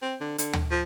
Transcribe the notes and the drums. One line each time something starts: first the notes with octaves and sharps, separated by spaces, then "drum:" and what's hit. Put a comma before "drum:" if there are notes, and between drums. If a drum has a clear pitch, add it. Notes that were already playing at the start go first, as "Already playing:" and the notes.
C4
D3
D3, drum: hi-hat
drum: tom D2
F3